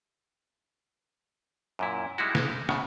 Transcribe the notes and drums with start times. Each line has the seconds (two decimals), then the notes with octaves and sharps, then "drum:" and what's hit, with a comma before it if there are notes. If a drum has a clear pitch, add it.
1.79 F#2 A#2 E4
2.18 G3 G#3 D#4 E4 F#4
2.35 drum: snare
2.69 A2 C#3, drum: rim click